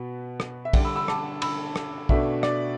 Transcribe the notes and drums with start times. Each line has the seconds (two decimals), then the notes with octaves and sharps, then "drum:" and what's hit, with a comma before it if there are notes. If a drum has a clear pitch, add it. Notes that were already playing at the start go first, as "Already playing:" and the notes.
Already playing: B2 B3
0.40 drum: rim click
0.65 E5
0.73 D3 G3 D4 D5 G5, drum: kick, cymbal
0.85 B5 E6
0.96 B5 E6
1.08 A5 D6, drum: rim click
1.42 B5 E6, drum: cymbal
1.76 drum: rim click
2.09 B2 A3 D4 E5, drum: kick
2.43 D5, drum: rim click